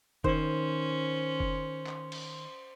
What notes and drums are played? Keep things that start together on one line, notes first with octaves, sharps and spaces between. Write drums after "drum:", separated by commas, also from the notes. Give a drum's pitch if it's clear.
D#3 C#4 C5, drum: kick F1
drum: kick F1
drum: clap
drum: cymbal